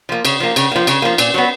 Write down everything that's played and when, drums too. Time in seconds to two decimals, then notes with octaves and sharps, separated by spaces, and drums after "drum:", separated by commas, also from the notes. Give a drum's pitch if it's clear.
0.09 F3 A#3
0.25 C#3, drum: cymbal
0.40 F3 A#3
0.56 C#3, drum: cymbal
0.71 F3 A#3
0.87 C#3, drum: cymbal
1.02 F3 A#3
1.18 A#2, drum: cymbal
1.34 F#3 B3